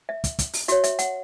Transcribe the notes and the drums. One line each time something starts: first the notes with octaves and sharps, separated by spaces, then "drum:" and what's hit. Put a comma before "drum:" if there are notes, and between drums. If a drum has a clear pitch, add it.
E5
drum: kick, hi-hat
drum: kick, hi-hat
drum: open hi-hat
F#4 C#5 E5, drum: hi-hat
E5, drum: hi-hat
F#5, drum: hi-hat